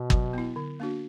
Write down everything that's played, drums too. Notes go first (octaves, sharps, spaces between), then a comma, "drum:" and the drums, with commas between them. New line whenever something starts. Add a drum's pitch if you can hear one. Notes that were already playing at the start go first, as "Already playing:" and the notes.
Already playing: B2
F#3, drum: kick
B3 E4
D3
A#3 D4 F#4